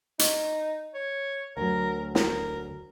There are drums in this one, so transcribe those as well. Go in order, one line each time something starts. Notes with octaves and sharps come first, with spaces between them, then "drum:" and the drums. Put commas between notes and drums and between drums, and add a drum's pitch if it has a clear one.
D#4, drum: hi-hat
C#5
D2 F#3 A#4
A#4, drum: snare